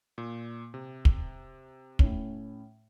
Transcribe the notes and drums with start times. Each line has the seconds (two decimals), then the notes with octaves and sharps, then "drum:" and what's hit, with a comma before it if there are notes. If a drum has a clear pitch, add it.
0.18 A#2
0.74 C3
1.05 drum: kick
1.99 A2 C#4, drum: kick